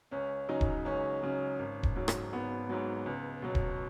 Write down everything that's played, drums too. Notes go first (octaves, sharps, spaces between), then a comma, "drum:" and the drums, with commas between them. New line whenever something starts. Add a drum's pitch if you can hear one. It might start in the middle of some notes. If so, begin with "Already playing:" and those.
C#2 C#4
C#3 F#3 D#4
drum: kick D#1
C#2 C#4
C#3 F#3
G#1
drum: kick D#1
G#2 F#3
drum: rim click
G#1 B3
G#2 F#3
C#2
B2 F#3
drum: kick D#1